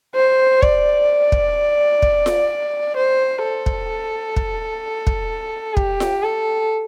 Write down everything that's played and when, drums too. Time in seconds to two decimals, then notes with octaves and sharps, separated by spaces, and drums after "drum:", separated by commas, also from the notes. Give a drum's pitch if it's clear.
0.15 C5
0.62 D5, drum: kick
1.32 drum: kick
2.02 drum: kick
2.26 drum: snare F4
2.96 C5
3.43 A4
3.66 drum: kick
4.36 drum: kick
5.07 drum: kick
5.77 G4, drum: kick
6.00 drum: snare F4
6.23 A4